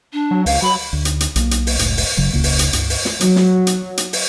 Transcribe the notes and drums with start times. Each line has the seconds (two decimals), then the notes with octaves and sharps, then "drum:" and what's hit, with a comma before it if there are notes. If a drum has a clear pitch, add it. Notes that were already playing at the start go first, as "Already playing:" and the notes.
0.13 D4
0.31 F#3
0.46 C#2 F5, drum: open hi-hat
0.62 F#3 B5
0.93 D2
1.05 drum: hi-hat
1.20 drum: hi-hat
1.36 B1 F#3 A#3, drum: hi-hat
1.51 drum: hi-hat
1.67 drum: open hi-hat
1.79 F#1 C#2 A2, drum: hi-hat
1.97 drum: open hi-hat
2.17 F#1 C#3 F#3
2.33 E1 C#2 C#3 A#3
2.44 drum: open hi-hat
2.59 drum: hi-hat
2.73 C#2 G2, drum: hi-hat
2.90 drum: open hi-hat
3.05 drum: snare
3.21 F#3, drum: hi-hat
3.36 drum: snare
3.67 drum: hi-hat
3.97 drum: hi-hat
4.13 drum: open hi-hat